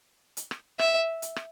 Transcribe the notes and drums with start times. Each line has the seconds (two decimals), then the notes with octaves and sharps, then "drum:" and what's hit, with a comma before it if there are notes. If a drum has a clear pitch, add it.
0.37 drum: hi-hat
0.51 drum: rim click
0.79 E5, drum: rim click
1.22 drum: hi-hat
1.36 drum: rim click